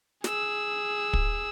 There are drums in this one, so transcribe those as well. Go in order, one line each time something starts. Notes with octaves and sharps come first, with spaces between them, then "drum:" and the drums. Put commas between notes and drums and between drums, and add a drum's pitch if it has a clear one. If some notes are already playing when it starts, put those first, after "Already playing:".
G#4 E6, drum: snare
drum: kick